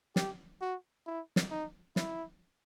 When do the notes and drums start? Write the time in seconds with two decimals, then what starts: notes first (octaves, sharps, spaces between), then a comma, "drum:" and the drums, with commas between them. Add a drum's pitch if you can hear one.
0.16 G4, drum: snare
0.61 F#4
1.07 E4
1.36 drum: snare
1.51 D#4
1.96 E4, drum: snare